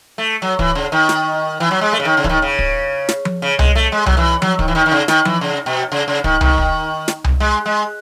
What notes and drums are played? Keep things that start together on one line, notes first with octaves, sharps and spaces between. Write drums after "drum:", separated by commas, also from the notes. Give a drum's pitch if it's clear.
A3
F#3
E3, drum: kick
C#3
D#3
drum: snare
E3
F#3
G#3
A3
C#3
D#3
C#3
E3, drum: kick
D#3
C#3
drum: kick
drum: snare
drum: tom F3
C#3
G#3, drum: tom C2
A3
G#3
F#3, drum: tom C2
E3
F#3, drum: tom F3
D#3, drum: kick
E3
D#3
D#3
C#3
D#3, drum: snare
E3, drum: tom F3
C#3
B2
C#3
C#3
D#3, drum: kick
D#3, drum: tom C2
drum: kick
drum: snare
drum: tom C2
G#3
G#3